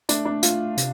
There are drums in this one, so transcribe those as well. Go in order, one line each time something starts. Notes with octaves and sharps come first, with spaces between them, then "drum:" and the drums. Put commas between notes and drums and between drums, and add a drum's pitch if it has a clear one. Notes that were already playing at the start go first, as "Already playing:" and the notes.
A3 D4, drum: hi-hat
D4
F4, drum: hi-hat
C3, drum: hi-hat